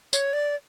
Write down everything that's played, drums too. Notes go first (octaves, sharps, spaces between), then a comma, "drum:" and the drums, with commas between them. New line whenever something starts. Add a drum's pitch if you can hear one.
C#5, drum: tambourine
D5